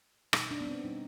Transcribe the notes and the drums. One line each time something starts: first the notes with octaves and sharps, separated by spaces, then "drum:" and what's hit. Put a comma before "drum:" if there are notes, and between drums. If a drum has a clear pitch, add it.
B2 G3 D#4, drum: rim click
D4
B3
C4
B2 G3 D#4